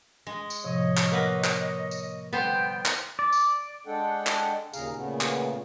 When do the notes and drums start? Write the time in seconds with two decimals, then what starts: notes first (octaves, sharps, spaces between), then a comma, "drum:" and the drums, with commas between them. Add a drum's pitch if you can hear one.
0.27 G#3
0.50 drum: tambourine
0.64 A2 C3 F3 C#5 D#5
0.97 drum: clap
1.12 A#3 G4 B4 F#5 E6
1.44 drum: clap
1.91 drum: tambourine
2.33 D3 G3 B3 C5 G5
2.85 drum: clap
3.19 D5
3.32 drum: tambourine
3.87 G#3 D4 A4 F#5 G5
4.27 drum: clap
4.74 D#2 A#2 C#3 G#4 F5 A#5, drum: tambourine
4.97 A#2 C#3 A3 B3
5.21 drum: clap